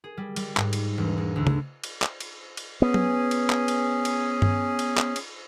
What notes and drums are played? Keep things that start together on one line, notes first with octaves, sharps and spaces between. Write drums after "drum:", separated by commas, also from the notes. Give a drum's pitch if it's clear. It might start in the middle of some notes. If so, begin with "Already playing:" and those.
G#4
G3
G3, drum: cymbal
G#2, drum: clap
drum: cymbal
E1
G#3
D2
drum: tom C#3
drum: cymbal
drum: clap
drum: cymbal
drum: cymbal
B3 C#4 G#4
drum: tom F#3
drum: cymbal
drum: clap
drum: cymbal
drum: cymbal
drum: tom G2
drum: cymbal
drum: clap
drum: cymbal